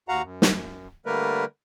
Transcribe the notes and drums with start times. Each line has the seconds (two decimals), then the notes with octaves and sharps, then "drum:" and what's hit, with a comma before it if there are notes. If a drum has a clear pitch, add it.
0.09 D#2 F#4 F5 F#5 A#5
0.22 F#2
0.42 drum: snare
1.06 D3 G3 A3 A#3 A#4 B4